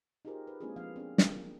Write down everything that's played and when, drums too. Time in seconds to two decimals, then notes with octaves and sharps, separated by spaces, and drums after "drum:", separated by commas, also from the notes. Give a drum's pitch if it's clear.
0.25 D#4 F4 G4 G#4 A#4 C5
0.47 B4
0.61 G#3 A#3 C4 D4 F4 G#4
0.76 F3 B3 F5
0.96 C4 D4 G#4
1.18 A#3, drum: snare